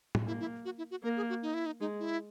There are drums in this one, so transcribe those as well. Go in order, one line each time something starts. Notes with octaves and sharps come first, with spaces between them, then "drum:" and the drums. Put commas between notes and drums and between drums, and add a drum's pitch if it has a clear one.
drum: tom A2
A#3 E4
E4
F#4
E4
F#4
A#3 A#4
G#4
F#4
D#4
E4
D#4
G#3 D#4
E4